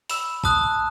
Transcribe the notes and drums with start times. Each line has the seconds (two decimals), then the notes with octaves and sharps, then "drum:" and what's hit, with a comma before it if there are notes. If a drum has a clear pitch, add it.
0.09 B5 E6 E7, drum: open hi-hat
0.44 A5 D#6 F#6, drum: kick